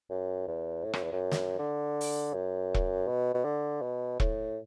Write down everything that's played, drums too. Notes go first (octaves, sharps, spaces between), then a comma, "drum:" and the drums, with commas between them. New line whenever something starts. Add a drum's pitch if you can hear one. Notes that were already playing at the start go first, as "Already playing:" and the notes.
F#2
E2
A2
F#2, drum: rim click
E2
F#2
drum: snare
D3
drum: open hi-hat
F#2
drum: kick E1
B2
B2
D3
B2
A2, drum: kick E1